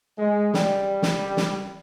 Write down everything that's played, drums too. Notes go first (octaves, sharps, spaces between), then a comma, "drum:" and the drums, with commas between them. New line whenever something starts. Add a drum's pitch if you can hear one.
G#3
G3, drum: snare
drum: snare
drum: snare